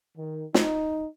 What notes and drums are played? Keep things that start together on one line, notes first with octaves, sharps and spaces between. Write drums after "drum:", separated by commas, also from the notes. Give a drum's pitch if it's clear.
D#3
D#4, drum: snare